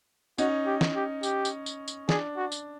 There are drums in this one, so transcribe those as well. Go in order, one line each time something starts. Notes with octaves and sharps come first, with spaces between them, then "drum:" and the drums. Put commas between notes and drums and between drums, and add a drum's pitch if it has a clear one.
C#4 D#4 F#4, drum: tambourine
G4
drum: snare
G4
G4, drum: tambourine
drum: tambourine
drum: tambourine
drum: tambourine
D4 G#4, drum: snare
F#4
drum: tambourine